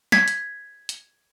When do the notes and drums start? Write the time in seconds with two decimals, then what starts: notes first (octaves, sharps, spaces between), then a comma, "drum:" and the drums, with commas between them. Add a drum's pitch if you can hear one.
0.12 G#6 B6, drum: snare
0.28 drum: hi-hat
0.89 drum: hi-hat